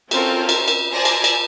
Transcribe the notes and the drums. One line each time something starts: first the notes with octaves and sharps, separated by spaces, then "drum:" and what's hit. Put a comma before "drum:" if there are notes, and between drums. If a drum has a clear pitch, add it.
C4 C#4 F4 A4 A#4 C5, drum: cymbal
drum: cymbal
drum: cymbal
C5 D5 G#5 A5 A#6
drum: cymbal
drum: cymbal